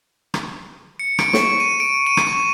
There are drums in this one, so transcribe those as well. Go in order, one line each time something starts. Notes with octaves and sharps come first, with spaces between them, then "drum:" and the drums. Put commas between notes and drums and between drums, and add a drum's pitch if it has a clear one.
drum: rim click
C#7
D7, drum: rim click
C#6, drum: snare
D#7
D7
D#7
drum: rim click
C#6